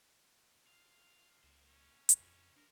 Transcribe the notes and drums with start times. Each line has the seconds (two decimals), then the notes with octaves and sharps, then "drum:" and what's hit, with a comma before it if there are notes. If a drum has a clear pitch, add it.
0.67 F4 F5
1.44 C#2 A#3 C5
1.67 C#4
2.09 drum: hi-hat
2.20 F2 C#3 E3
2.56 F3 D4 A#4 C5